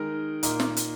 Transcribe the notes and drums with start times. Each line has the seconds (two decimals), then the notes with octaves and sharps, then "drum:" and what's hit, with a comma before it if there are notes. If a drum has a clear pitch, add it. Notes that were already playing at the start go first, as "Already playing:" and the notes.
Already playing: D#3 G#3 D#4 A#4
0.43 A#2 A#3 D#4 A#4 D#5, drum: hi-hat
0.60 drum: snare
0.77 drum: hi-hat